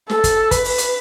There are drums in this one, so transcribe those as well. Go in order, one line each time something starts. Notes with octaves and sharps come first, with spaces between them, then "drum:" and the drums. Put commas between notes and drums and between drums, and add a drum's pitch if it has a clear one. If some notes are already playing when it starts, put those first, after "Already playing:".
A4, drum: snare
drum: kick, hi-hat
B4, drum: kick, hi-hat
drum: open hi-hat
drum: hi-hat